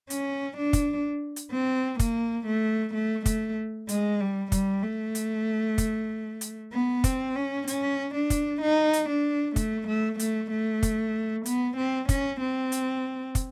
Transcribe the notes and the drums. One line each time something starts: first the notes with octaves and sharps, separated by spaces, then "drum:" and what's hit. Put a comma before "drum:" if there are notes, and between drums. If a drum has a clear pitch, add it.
C#4, drum: hi-hat
D4
drum: kick, hi-hat
drum: hi-hat
C4
A#3, drum: kick, hi-hat
A3
A3
A3, drum: kick, hi-hat
G#3, drum: hi-hat
G3
G3, drum: kick, hi-hat
A3
drum: hi-hat
drum: kick, hi-hat
drum: hi-hat
B3
C4, drum: kick, hi-hat
C#4
C#4, drum: hi-hat
D4
drum: kick, hi-hat
D#4
drum: hi-hat
D4
A3, drum: kick, hi-hat
A3
A3, drum: hi-hat
A3
drum: kick, hi-hat
B3, drum: hi-hat
C4
C#4, drum: kick, hi-hat
C4
drum: hi-hat
drum: kick, hi-hat